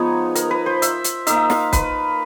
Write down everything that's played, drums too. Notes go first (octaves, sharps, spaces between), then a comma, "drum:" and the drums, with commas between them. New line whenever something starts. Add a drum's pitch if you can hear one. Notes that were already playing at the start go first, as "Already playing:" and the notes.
Already playing: F3 G#3 B3 D#4 C#5
A#4, drum: hi-hat
B4
C5
E5, drum: hi-hat
drum: hi-hat
A#3 D#4 E5, drum: hi-hat
F5, drum: snare
B4, drum: kick, hi-hat